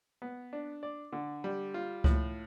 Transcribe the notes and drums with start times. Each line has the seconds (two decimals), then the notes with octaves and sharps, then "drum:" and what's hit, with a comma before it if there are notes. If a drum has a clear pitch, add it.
0.22 B3
0.53 D4
0.83 D5
1.13 D3
1.44 G3
1.74 F4
2.04 A2, drum: kick C#2